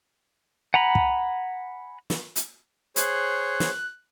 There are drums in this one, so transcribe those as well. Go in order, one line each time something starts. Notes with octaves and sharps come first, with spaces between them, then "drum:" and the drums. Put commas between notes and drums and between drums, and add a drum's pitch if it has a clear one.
F#5 G#5 A#5 B5
drum: kick
drum: snare
drum: hi-hat
G#4 C5 C#5 F#6, drum: hi-hat
drum: snare